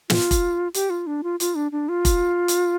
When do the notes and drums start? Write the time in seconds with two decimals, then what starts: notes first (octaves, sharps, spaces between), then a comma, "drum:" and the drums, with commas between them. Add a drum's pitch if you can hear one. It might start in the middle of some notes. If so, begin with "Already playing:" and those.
0.10 F4, drum: snare
0.31 drum: kick F1, hi-hat
0.74 G4, drum: hi-hat
0.90 F4
1.07 D4
1.23 F4
1.40 F4, drum: hi-hat
1.55 D4
1.72 D4
1.89 F4
2.05 drum: kick F1, hi-hat
2.48 drum: hi-hat